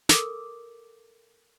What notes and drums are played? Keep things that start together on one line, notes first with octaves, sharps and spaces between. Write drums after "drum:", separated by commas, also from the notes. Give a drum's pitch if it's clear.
A4 A#4 D6 E6, drum: snare